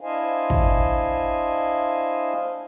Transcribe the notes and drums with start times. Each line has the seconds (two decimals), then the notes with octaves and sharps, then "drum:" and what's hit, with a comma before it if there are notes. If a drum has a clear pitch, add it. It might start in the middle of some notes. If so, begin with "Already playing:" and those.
0.01 D4 E4 C5 D#5 F5 G#5
0.50 drum: kick